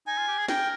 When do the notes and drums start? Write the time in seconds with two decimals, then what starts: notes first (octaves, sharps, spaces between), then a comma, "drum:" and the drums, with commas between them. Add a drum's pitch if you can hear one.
0.07 D#4 G#5
0.18 F4
0.28 G4
0.38 G#4
0.48 A#4 G5, drum: snare